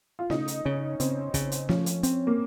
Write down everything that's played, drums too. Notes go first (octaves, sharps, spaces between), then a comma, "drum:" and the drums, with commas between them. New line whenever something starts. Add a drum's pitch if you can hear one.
F4
C#3 D#4, drum: snare
drum: hi-hat
C#3 C#4
C#3 C4, drum: hi-hat
C#3, drum: kick, hi-hat
drum: hi-hat
F3 C#4, drum: snare
drum: hi-hat
C4, drum: hi-hat
A#3